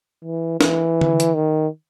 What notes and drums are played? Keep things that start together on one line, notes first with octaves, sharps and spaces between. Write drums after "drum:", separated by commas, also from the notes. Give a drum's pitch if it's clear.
E3
E3, drum: snare
drum: tom D3
drum: hi-hat
D#3